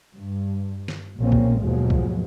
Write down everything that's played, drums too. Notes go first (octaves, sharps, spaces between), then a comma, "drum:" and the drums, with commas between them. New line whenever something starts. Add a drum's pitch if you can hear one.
G2
drum: snare
A#1 B2 A#3 C4 C#4
drum: kick
D#2 G#2 B2 F3 F#3 G#3
drum: kick